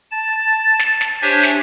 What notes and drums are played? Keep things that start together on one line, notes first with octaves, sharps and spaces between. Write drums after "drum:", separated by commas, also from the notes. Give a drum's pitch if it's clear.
A5 A6
drum: snare
drum: snare
D4 G4 C5 C#5 E5 G#5
drum: snare